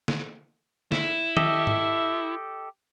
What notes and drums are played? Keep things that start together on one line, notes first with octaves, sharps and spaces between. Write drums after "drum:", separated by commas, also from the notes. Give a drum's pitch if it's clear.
drum: snare
E4, drum: snare
G4 A4 D#5 E5, drum: tom D#3
drum: tom G#2